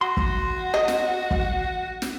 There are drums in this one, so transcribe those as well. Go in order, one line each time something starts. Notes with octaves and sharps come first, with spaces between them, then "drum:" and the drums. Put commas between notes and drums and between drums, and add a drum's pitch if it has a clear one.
F#4 C6
drum: kick
D#5
drum: snare
drum: kick
drum: snare